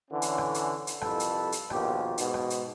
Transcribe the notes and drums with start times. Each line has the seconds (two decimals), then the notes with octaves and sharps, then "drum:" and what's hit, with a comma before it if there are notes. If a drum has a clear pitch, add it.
0.10 D3 E3 C#4
0.22 drum: hi-hat
0.38 drum: rim click
0.54 drum: hi-hat
0.87 drum: hi-hat
1.01 C2 F2 A4 B4, drum: rim click
1.20 drum: hi-hat
1.52 drum: hi-hat
1.70 A#1 D#2 B2 G4, drum: rim click
2.18 G#2 B2, drum: hi-hat
2.34 drum: rim click
2.50 drum: hi-hat